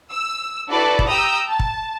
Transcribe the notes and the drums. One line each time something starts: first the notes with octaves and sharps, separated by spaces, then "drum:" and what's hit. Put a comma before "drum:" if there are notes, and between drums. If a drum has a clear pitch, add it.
E6
D4 E4 F#4 A4 B4 D5
drum: kick
G4 G5 A#5 D#6 E6 G6
A5
drum: kick